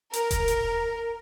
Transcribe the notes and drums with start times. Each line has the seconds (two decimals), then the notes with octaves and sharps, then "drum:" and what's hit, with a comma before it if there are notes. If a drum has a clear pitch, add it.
0.13 A#4, drum: hi-hat
0.31 drum: kick E1, hi-hat
0.48 drum: hi-hat